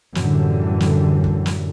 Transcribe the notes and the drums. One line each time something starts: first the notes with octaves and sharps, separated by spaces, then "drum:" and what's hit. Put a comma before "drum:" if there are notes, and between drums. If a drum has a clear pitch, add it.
F#2 A2 D3 E3 G3, drum: snare
drum: snare
drum: kick
drum: snare